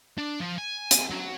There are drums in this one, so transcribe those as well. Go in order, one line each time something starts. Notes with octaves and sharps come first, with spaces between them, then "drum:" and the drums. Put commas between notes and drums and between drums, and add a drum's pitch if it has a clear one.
D4
F3
G#5
drum: hi-hat
F#3